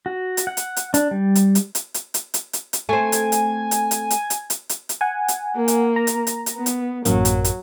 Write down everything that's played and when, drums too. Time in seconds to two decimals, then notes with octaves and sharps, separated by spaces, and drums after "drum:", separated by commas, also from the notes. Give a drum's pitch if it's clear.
0.06 F#4
0.37 drum: hi-hat
0.47 F#5
0.57 drum: hi-hat
0.76 drum: hi-hat
0.94 D4, drum: hi-hat
1.11 G3
1.35 drum: hi-hat
1.55 drum: hi-hat
1.75 drum: hi-hat
1.94 drum: hi-hat
2.14 drum: hi-hat
2.34 drum: hi-hat
2.53 drum: hi-hat
2.73 drum: hi-hat
2.89 A3 C4 G#5
3.12 drum: hi-hat
3.32 drum: hi-hat
3.71 drum: hi-hat
3.91 drum: hi-hat
4.10 drum: hi-hat
4.30 drum: hi-hat
4.50 drum: hi-hat
4.69 drum: hi-hat
4.89 drum: hi-hat
5.01 F#5 G#5
5.28 drum: hi-hat
5.56 A#3
5.68 drum: hi-hat
5.96 A#5
6.07 drum: hi-hat
6.27 drum: hi-hat
6.46 drum: hi-hat
6.56 B3
6.66 drum: hi-hat
7.05 A1 F#2 F#3 A#3, drum: hi-hat
7.25 drum: hi-hat
7.44 drum: hi-hat